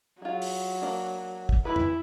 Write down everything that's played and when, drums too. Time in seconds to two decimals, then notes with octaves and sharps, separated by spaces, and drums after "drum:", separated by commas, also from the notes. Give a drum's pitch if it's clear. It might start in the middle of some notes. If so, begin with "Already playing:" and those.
0.22 F#3 F4 G#4
0.42 drum: open hi-hat
0.81 A#3 D4
1.49 drum: kick
1.65 E3 E4 B4
1.76 drum: tom F2